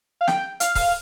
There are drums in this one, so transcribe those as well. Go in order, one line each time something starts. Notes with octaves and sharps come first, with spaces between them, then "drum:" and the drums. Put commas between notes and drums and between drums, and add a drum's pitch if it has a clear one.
F5
G5, drum: snare
F5, drum: hi-hat
F5, drum: kick C#1, open hi-hat